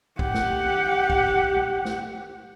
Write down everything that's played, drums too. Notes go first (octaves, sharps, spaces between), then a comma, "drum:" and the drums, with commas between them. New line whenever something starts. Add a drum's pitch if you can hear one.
G4 F#5, drum: kick
drum: snare
drum: kick
drum: tom A#2
drum: snare